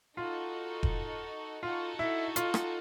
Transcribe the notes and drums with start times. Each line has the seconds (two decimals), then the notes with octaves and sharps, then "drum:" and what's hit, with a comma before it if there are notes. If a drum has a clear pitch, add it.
0.16 D#4 F4 F#4 A4
0.83 drum: kick E1
1.63 D#4 F4 F#4 A4
1.99 E4
2.36 F4, drum: hi-hat
2.54 drum: rim click